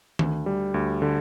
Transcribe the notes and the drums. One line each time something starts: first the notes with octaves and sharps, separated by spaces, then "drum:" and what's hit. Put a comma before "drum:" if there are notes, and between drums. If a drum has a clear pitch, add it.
D2, drum: tom D#3
G3
D2
D3